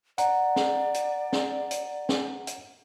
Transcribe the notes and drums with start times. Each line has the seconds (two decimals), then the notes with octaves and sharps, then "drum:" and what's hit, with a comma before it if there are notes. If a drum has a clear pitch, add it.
0.18 D5 F#5 A#5, drum: hi-hat
0.56 drum: snare
0.94 drum: hi-hat
1.33 drum: snare
1.71 drum: hi-hat
2.09 drum: snare
2.47 drum: hi-hat